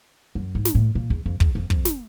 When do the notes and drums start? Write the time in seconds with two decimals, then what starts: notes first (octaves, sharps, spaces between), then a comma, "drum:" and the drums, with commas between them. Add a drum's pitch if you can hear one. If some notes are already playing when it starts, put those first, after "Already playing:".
0.35 F#2
0.55 G#2
0.65 drum: snare
0.75 A2
0.95 A#2
1.10 E2
1.26 F2
1.40 E2, drum: kick
1.55 F2
1.70 F2, drum: kick
1.85 drum: snare